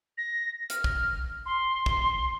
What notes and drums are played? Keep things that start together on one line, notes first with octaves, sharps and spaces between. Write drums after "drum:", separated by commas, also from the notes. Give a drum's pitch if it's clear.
A#6
F6, drum: hi-hat
drum: kick
C6
drum: kick